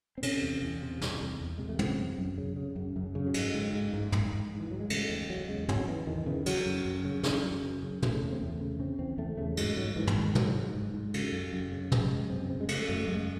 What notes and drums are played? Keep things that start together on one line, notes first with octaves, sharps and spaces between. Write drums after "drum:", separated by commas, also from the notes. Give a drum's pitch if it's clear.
C4
C3 C#4, drum: cymbal
E2
E2
C3
C3, drum: snare
E2
E2
C3 G#3
A3
C#3 C4, drum: tom
F#2
F#2
C#3
C#3
F#2
F#2
C#3
F#3
G#2 G#3, drum: cymbal
G#2
G#2
G#2
G#2, drum: tom
G#2
G#2
E3
G#2 F#3
G#3
C#3 A3, drum: cymbal
E2 G#3
E2 F#3
C#3 G#3
C#3 F#3, drum: tom
E2 E3
E2 D#3
C#3 E3
C#3 F#3, drum: cymbal
F#2
F#2
C#3
C#3, drum: snare
F#2
F#2
C#3
C#3 A3, drum: tom
E2
C4
E2 A3
C#3
C#3 C4
E2 C4
E2 A3
C#3 A3
G#2 G#3, drum: cymbal
G#2 F#3
G#2 E3
E3, drum: tom
G#2 D#3
G#2 F#3, drum: tom
G#2
G#2
G#2
C#3, drum: cymbal
F#2
F#2
C#3
C#3 G#3, drum: tom
F#2 G#3
F#2 C4
C#3 C4
G#3
C#3 A3, drum: cymbal
F#2 A3
F#2 G#3